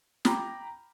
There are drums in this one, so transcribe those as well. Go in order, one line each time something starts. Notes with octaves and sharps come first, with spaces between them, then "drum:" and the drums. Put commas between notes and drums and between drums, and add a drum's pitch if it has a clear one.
G5 A#5 B5 D6, drum: snare